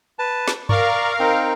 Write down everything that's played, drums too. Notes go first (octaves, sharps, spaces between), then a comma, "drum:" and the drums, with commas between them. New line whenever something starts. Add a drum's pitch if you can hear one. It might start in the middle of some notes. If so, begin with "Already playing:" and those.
B4 A5
drum: snare
A#4 D5 F5 C#6, drum: tom G2
C4 D#4 G5